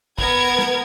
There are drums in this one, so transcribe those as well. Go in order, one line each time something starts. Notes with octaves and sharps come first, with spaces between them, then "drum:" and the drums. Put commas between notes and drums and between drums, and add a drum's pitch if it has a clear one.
B3 A#4 G#6, drum: kick
drum: snare